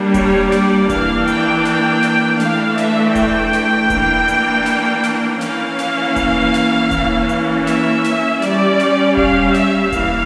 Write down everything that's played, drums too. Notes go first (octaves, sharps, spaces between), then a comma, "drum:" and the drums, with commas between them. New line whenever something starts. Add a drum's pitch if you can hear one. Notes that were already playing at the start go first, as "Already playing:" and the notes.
Already playing: G3 A#3 D4
C#5, drum: kick E1, hi-hat
D5, drum: snare
E3 A#3 D4 F5, drum: kick E1, hi-hat
G5, drum: hi-hat
G5, drum: snare
drum: snare
E3 A3 D4 F5, drum: snare
E5, drum: snare
G5, drum: kick E1, hi-hat
drum: snare
E3 A#3 D4, drum: kick E1, hi-hat
drum: hi-hat
drum: snare
drum: snare
E3 A#3 C#4 F5, drum: snare
drum: snare
drum: kick E1, hi-hat
drum: snare
E3 A#3 C#4, drum: kick E1, hi-hat
drum: hi-hat
E5, drum: snare
drum: snare
G3 C#4 D5, drum: snare
drum: snare
F5, drum: kick E1
E5, drum: snare
E3 A#3 F5, drum: kick E1, hi-hat